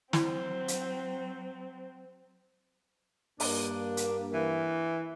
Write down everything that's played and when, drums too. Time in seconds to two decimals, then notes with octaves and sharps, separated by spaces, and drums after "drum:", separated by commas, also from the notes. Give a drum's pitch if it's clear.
0.13 F#3 C4 E4, drum: snare
0.68 drum: hi-hat
3.40 G2 A#3 D4, drum: open hi-hat
3.97 drum: hi-hat
4.34 E3